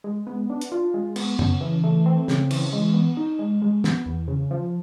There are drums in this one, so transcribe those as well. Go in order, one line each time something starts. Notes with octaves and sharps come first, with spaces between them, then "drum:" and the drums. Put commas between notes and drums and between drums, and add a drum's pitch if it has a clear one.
G#3
B3
D4
drum: hi-hat
F4
G#3
B3, drum: cymbal
C#3, drum: tom F#2
E3
A3
C4
C#3, drum: snare
E3, drum: cymbal
G#3
B3
D#4
G#3
G#3
B3, drum: snare
E2
C#3
F3